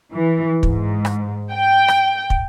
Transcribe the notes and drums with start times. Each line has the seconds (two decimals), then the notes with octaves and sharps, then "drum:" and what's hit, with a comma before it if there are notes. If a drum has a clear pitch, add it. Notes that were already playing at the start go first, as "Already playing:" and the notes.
0.13 E3
0.63 G#2, drum: kick
1.05 drum: rim click
1.52 G5
1.88 drum: rim click
2.30 drum: kick